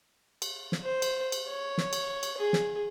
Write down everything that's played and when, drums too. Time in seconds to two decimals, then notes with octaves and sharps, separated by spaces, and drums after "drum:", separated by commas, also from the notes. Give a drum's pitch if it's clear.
0.42 drum: cymbal
0.72 drum: snare
0.84 C5
1.02 drum: cymbal
1.32 drum: cymbal
1.47 C#5
1.78 drum: snare
1.93 drum: cymbal
2.23 drum: cymbal
2.38 G#4
2.53 drum: snare